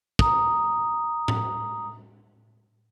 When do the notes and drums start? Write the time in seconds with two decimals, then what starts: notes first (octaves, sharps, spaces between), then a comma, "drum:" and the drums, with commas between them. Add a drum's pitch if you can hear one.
0.19 A#5 D#6, drum: kick
1.28 drum: tom A2